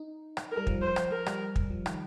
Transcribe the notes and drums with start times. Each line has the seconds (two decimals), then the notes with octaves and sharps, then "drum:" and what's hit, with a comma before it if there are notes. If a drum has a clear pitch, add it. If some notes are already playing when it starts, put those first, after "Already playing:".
Already playing: D#4
0.37 drum: rim click
0.52 A#4
0.57 G3
0.67 F3, drum: kick
0.82 F3 C5
0.96 drum: rim click
1.10 F3 A#4
1.26 G3, drum: rim click
1.56 drum: kick
1.70 F3
1.86 D#3, drum: rim click